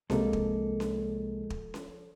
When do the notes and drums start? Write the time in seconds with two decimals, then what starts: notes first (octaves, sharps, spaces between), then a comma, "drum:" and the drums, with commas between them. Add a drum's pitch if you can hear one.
0.10 C2 C3 F3 G#3 A#3 A4, drum: snare C#4
0.33 drum: kick
0.80 drum: snare C#4
1.50 drum: kick
1.74 drum: snare C#4